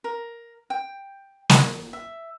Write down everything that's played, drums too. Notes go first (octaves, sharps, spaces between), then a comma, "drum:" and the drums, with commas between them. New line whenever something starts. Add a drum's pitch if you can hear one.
A#4
G5
A#5, drum: snare
E5